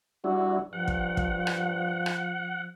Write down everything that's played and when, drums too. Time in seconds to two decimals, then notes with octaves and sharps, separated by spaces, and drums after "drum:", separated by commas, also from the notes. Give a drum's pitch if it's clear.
0.24 G3 D4 E4 F#4
0.73 G2 F3 F#5
0.88 drum: kick
1.17 drum: kick
1.47 drum: rim click
2.06 drum: rim click